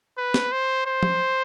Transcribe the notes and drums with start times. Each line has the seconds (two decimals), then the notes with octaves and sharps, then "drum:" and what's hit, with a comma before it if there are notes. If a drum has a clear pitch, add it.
0.17 B4
0.34 drum: snare
0.52 C5
0.86 C5
1.03 drum: tom